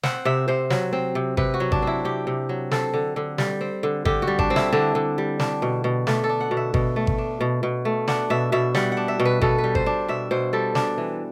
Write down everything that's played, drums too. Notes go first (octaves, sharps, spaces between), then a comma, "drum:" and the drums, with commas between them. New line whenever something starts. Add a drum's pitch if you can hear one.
C4 F#5, drum: snare
C3 E5
C3 C5
F#3, drum: snare
C4
C3
C3 B4, drum: kick G#1
F#4
F#3
D4, drum: kick G#1
C4 E4
C3 G4
C3
F#3
C4 A4, drum: snare
D3
D3
G3, drum: snare
C4
D3
D3 G4, drum: kick G#1
F#4
G3
D4, drum: kick G#1
C4
E4, drum: snare
D3 D4
D3
G3
D4, drum: snare
B2
B2
A3 D4, drum: snare
A4
D4
F#5
B2
E5
B2, drum: kick G#1
A3
drum: kick G#1
D4
B2
B2
A3
D4 F#5, drum: snare
B2 E5
B2 E5
G3 F#5, drum: snare
F#5
D4
E5
B2
B4
B2 A4, drum: kick G#1
B4
G3
C5, drum: kick G#1
D4
B2 E5
B2 C5
G3 A4
D4, drum: snare
E3